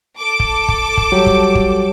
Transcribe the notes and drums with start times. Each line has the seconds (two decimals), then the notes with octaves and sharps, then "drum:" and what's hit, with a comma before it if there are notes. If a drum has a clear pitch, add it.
0.19 A4 D6
0.40 drum: kick
0.69 drum: kick
0.97 drum: kick
1.12 F#3 G3 G4 C#5
1.26 drum: kick
1.55 drum: kick